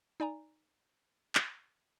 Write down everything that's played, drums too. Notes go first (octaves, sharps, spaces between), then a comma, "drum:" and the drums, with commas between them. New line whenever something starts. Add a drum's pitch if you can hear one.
D#4 D5 G#5 A#5
drum: clap